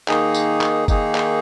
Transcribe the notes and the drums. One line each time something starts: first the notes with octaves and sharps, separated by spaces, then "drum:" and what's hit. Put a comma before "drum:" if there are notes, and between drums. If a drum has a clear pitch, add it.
D#3 A#3 D#4 G#4, drum: clap
drum: tambourine
drum: clap
D#3 A#3 D#4 G#4, drum: kick, tambourine
drum: clap